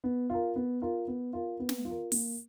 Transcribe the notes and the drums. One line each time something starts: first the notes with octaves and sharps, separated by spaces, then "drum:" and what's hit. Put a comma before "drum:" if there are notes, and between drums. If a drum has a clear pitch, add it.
B3
F4 A#4
B3
F4 A#4
B3
F4 A#4
B3
drum: snare
F4
A#4
A#3, drum: open hi-hat